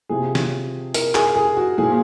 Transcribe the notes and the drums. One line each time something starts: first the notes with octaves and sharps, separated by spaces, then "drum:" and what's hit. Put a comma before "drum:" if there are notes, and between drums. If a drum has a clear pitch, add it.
C3 F3 G#4
drum: snare
A#4, drum: hi-hat
G#4, drum: clap
G#4
F#4
A#2 F3 G#4